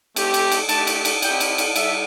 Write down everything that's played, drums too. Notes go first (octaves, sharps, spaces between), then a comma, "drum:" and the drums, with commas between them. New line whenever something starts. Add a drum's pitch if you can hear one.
A3 C4 G4, drum: cymbal
drum: cymbal
drum: cymbal
A3 D4 G4 A5, drum: cymbal
drum: cymbal
drum: cymbal
C4 E4 G4 G5, drum: cymbal
drum: cymbal
drum: cymbal
G3 E5, drum: cymbal